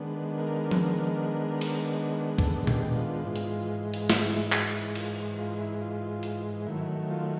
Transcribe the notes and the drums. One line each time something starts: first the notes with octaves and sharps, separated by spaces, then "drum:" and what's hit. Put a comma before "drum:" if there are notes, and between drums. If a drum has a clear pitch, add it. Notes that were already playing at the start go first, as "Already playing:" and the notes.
Already playing: D#3 G#3 B3 D4
A#4
drum: tom F3
drum: cymbal
A4, drum: kick
G4, drum: tom A#2
F4
G#2 E3 G#3
drum: hi-hat
drum: hi-hat
E4, drum: snare
E4
F#4, drum: clap
E4
F4, drum: cymbal
F4
E4
F4
drum: hi-hat
D#3 F#3 A3 E4
F4